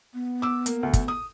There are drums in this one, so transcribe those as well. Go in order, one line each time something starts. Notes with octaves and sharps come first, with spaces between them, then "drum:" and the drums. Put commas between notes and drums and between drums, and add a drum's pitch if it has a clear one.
B3
D6 E6
A#3, drum: hi-hat
D2
drum: kick, hi-hat
D#6